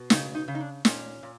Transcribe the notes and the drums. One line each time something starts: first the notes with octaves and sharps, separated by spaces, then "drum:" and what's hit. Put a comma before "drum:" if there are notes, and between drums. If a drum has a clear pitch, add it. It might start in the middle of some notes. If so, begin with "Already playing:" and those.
Already playing: B2
C#3 D#4, drum: snare
D#4
C#3
D#4
D4
A#2 C#4, drum: snare
A#2